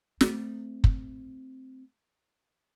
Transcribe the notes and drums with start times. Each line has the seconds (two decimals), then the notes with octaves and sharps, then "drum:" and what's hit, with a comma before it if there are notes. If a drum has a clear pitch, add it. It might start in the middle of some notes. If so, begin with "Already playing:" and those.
0.21 A3 C4, drum: snare
0.84 drum: kick